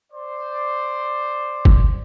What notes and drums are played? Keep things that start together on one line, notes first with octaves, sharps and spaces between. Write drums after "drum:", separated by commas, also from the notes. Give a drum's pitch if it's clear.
C5 D5
drum: kick F#1